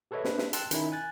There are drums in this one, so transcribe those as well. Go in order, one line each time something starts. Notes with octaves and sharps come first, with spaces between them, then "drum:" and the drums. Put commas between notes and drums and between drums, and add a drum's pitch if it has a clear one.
G4 A4 B4 C#5 D#5 E5
D4 B4 C5, drum: snare
drum: snare
G5 A5 C6 E6 F#6, drum: hi-hat
D#3 C#4 D#4 E4, drum: hi-hat
G#5 F#6 A6